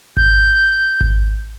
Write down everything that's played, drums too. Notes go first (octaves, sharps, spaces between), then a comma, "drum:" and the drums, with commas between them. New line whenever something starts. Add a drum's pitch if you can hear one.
G6, drum: kick G#1
drum: kick G#1